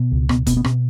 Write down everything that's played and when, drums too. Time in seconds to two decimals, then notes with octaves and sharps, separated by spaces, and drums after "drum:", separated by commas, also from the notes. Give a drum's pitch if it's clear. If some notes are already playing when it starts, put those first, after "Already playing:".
Already playing: B2
0.12 C#2
0.29 B2 B3, drum: rim click
0.47 B2 B3, drum: kick, hi-hat
0.57 B3
0.64 B2 C4, drum: rim click